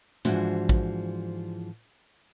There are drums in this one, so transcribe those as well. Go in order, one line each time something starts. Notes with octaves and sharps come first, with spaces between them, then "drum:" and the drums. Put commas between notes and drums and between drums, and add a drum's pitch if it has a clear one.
G#2 E3 F3 D4 F#4 C5, drum: hi-hat
drum: kick